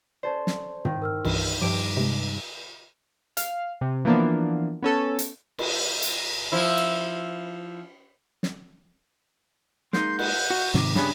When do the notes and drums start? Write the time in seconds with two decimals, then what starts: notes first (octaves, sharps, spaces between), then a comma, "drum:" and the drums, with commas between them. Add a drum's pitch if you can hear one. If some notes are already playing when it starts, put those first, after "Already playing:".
0.23 C#4 A4 C5 D5
0.47 drum: snare
0.85 D#3, drum: tom
1.02 A#4 E6 F6
1.25 C2 G2 E3, drum: cymbal
1.61 G2 F3 D6 D7
1.97 C3 G#3
3.37 F5, drum: hi-hat
3.81 C3
4.05 E3 F3 A#3 B3 D4
4.83 B3 C#4 A4
5.19 drum: hi-hat
5.59 drum: cymbal
6.02 drum: hi-hat
6.52 F3 E4
6.77 drum: cymbal
8.43 drum: snare
9.93 G#3 A#3 D#4 C6 G6, drum: snare
10.19 F#5, drum: cymbal
10.50 F#4
10.74 G#2 C3 D#3 D6, drum: snare
10.95 G2 C#3 B3 D4 G#4 B5, drum: snare